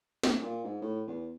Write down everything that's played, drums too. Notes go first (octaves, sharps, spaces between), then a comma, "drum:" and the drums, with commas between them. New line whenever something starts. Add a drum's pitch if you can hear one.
C2, drum: snare
A#2
G#2
A2
E2